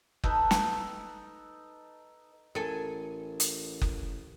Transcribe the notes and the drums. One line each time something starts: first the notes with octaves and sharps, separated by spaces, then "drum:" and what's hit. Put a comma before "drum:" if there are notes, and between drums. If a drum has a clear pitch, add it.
D#4 A4 B4, drum: kick F#1
drum: snare
A1 A4 A#4 G#5
drum: hi-hat
drum: kick F#1